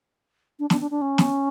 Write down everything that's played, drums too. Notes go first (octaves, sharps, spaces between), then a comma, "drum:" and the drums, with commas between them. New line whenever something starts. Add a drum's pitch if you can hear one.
D4
D4, drum: snare
D4
D4
C#4
drum: snare